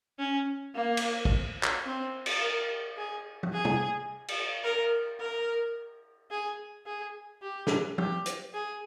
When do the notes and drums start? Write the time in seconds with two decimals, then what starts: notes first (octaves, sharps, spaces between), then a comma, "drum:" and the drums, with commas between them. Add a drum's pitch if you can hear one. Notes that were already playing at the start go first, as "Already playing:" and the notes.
0.19 C#4
0.75 A#3
0.97 drum: cymbal
1.25 drum: kick
1.63 drum: clap
1.86 C4
2.26 drum: cymbal
2.42 A#4
2.97 G#4
3.43 drum: tom
3.53 G#4
3.65 drum: tom
4.28 drum: cymbal
4.64 A#4
5.19 A#4
6.31 G#4
6.86 G#4
7.42 G4
7.67 drum: snare
7.98 G4, drum: tom
8.26 drum: hi-hat
8.54 G#4